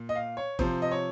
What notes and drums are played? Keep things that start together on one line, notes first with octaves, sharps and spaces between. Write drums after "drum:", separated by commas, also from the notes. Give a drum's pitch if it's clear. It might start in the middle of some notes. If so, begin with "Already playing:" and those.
Already playing: A#2
D#5
F5
C#5
C3 F3 C5, drum: kick G1
D#5
C#5